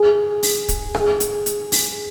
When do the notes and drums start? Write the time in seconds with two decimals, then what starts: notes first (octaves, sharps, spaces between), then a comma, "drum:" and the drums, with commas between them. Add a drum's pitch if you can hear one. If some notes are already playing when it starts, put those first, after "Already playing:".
Already playing: G#4
0.43 drum: open hi-hat
0.68 drum: kick, hi-hat
0.95 G#4, drum: rim click
1.20 drum: hi-hat
1.46 drum: hi-hat
1.72 drum: open hi-hat